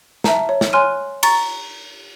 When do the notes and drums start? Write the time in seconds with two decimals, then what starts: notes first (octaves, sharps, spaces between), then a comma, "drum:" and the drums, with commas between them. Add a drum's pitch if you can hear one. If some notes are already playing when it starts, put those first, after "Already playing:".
0.24 E5 A5 A#5, drum: snare
0.49 C#5
0.61 drum: snare
0.73 C#5 G#5 C6 F6 F#6 D#7
1.23 A#5 C#6 A6, drum: cymbal